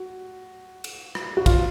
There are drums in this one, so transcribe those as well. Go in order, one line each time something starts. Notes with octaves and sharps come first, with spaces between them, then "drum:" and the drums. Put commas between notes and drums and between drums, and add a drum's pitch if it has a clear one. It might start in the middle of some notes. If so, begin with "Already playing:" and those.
Already playing: F#4
drum: cymbal
drum: rim click
F#4
F4, drum: kick, cymbal